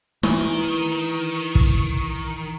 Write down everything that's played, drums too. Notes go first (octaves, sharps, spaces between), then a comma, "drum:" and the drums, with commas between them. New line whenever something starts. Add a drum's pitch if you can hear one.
D#3 E3, drum: snare
drum: kick